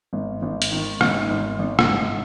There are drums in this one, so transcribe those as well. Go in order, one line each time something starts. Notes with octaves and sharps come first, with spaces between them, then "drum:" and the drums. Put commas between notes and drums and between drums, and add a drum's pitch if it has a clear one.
G#1
G#1
drum: hi-hat
D#3
G#1, drum: rim click
G#1
G#1
drum: rim click
G#1